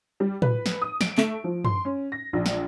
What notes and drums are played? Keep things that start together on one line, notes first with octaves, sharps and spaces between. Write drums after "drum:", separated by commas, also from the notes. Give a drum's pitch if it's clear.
G3
B4, drum: tom A2
drum: snare
D#6
D7, drum: snare
A3, drum: clap
F3
C6, drum: tom F#2
C#4
A#6
A#1
drum: snare